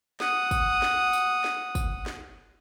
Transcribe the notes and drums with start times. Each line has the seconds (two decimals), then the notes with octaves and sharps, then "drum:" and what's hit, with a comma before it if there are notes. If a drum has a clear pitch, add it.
0.20 F#5 D#6, drum: snare
0.51 drum: kick, tambourine
0.82 drum: snare
1.13 drum: tambourine
1.44 drum: snare
1.75 drum: kick, tambourine
2.06 drum: snare